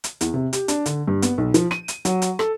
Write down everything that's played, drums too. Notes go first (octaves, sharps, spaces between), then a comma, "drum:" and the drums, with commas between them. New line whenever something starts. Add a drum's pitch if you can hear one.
drum: hi-hat
E2, drum: hi-hat
C3
G4, drum: hi-hat
D4, drum: hi-hat
D3, drum: hi-hat
G2
B3, drum: hi-hat
B1
F3, drum: hi-hat
D#7, drum: rim click
drum: hi-hat
F#3, drum: hi-hat
drum: hi-hat
A4, drum: rim click